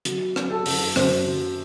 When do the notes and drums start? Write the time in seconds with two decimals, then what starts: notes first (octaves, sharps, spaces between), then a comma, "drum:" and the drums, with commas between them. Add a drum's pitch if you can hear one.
0.05 F#3, drum: hi-hat
0.36 F#3, drum: rim click
0.50 A4
0.66 F#2, drum: open hi-hat
0.96 F#2 C5, drum: rim click
1.27 F#3